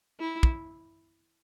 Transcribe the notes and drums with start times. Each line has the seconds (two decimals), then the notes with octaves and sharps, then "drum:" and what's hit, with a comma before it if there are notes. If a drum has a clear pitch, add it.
0.20 E4
0.43 drum: kick